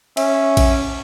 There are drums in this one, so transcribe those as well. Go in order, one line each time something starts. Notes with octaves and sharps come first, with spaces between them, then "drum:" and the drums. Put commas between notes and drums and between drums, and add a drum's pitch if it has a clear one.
C#4 E5, drum: cymbal
drum: kick A#1, cymbal